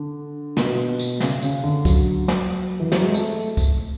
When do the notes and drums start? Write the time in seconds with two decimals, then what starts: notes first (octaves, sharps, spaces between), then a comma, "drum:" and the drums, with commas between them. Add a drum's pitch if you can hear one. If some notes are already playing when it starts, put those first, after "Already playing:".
Already playing: D3
0.57 B2, drum: snare
0.99 drum: tambourine
1.20 C#3, drum: snare
1.43 C#3, drum: tambourine
1.64 D3
1.85 F#3, drum: kick, tambourine
2.28 drum: snare
2.80 E3
2.92 F#3, drum: snare
3.03 G#3
3.14 A3, drum: tambourine
3.57 drum: kick, tambourine